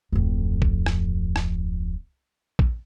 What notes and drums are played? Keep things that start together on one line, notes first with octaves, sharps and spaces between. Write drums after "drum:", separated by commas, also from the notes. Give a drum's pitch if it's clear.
D1 F2
drum: kick
drum: rim click
drum: rim click
drum: kick